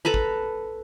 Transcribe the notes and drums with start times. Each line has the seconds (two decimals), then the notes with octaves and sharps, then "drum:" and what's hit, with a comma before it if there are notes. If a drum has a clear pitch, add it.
0.05 A4 B4 A#5 B5
0.14 drum: kick